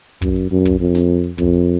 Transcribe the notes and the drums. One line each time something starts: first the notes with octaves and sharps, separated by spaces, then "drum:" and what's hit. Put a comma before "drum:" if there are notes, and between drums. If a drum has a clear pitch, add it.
F#2, drum: kick
drum: open hi-hat
F#2
drum: kick, hi-hat
F2
drum: snare
drum: hi-hat
F2, drum: kick
drum: open hi-hat